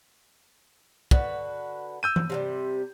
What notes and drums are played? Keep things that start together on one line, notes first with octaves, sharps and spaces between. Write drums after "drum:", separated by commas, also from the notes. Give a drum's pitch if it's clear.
D3 F#4 B4, drum: kick
E6 G6 D#7
drum: tom E3
C3 F3 G3